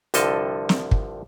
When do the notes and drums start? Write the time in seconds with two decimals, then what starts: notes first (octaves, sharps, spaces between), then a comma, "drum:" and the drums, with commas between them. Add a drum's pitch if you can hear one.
0.14 C2 G2 D3 F3 A4 D#5, drum: hi-hat
0.69 drum: snare
0.91 drum: kick